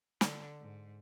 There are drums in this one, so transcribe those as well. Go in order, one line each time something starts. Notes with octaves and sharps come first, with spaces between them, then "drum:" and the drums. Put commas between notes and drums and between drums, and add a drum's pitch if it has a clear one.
D3, drum: snare
G#2